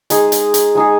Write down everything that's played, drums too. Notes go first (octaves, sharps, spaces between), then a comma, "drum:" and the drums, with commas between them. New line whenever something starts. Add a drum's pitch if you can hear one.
G#3 D#4 G#4, drum: hi-hat
drum: hi-hat
drum: hi-hat
G#3 D#4 G#4